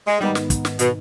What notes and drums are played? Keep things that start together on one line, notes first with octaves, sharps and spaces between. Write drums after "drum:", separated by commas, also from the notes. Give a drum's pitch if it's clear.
G#3
G#2 D#3 G3 B3 D#4
drum: snare
drum: kick, hi-hat
drum: snare
B2, drum: hi-hat